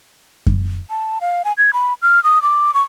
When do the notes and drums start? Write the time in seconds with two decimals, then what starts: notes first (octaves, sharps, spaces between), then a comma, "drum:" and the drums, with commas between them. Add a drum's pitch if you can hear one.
0.46 drum: kick F#2
0.90 A5
1.21 F5
1.45 G#5
1.58 G#6
1.73 B5
2.02 F6
2.24 D#6
2.42 D6
2.74 C#6